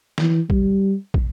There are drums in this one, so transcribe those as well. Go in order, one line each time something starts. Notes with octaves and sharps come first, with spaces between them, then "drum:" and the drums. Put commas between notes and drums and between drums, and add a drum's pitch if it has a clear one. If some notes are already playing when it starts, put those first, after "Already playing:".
E3, drum: snare
G3, drum: kick
drum: kick